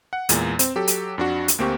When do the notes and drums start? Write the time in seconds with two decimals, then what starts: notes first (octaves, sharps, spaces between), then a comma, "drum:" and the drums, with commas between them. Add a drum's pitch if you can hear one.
0.13 F#5
0.29 E2 A#2 G#3, drum: hi-hat
0.59 C4, drum: hi-hat
0.76 F#3 G4 A4
0.88 drum: hi-hat
1.18 F2 D4 F#4
1.48 drum: hi-hat
1.59 D2 A#3 C4 G4 C#6